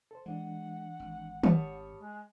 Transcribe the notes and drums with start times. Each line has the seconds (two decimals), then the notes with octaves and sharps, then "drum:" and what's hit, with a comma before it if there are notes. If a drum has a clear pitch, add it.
0.11 A4 C5
0.26 E3 G#3 D4 F#5
1.00 G#1
1.43 G3 C#5 A5 D#6, drum: tom D#3
1.99 G#3